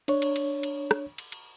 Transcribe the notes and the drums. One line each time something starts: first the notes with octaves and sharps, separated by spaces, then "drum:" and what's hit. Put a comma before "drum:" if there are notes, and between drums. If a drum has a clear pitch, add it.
D4 C#5, drum: cymbal
drum: cymbal
drum: cymbal
drum: cymbal
drum: rim click
drum: cymbal
drum: cymbal